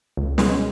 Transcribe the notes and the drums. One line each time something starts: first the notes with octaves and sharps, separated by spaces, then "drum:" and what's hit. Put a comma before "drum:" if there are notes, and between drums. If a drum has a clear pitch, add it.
C#2
B2 G#3 C#4, drum: snare